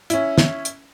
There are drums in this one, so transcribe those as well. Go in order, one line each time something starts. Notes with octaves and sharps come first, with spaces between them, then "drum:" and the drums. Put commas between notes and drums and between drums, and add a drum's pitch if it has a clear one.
C#4 E4, drum: hi-hat
drum: snare
drum: hi-hat